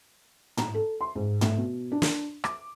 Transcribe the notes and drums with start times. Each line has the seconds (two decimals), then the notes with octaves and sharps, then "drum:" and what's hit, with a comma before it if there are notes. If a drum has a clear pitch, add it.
0.57 A#5, drum: tom
0.74 A4
1.01 C6
1.15 G#2
1.41 A3, drum: tom
1.58 B2
1.92 D4
2.02 drum: snare
2.44 D6, drum: rim click